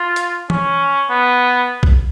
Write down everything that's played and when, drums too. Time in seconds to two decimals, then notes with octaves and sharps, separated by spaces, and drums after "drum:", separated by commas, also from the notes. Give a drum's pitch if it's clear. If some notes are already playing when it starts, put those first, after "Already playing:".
Already playing: F4
0.16 drum: hi-hat
0.50 C#4, drum: tom
1.10 B3
1.83 drum: kick B1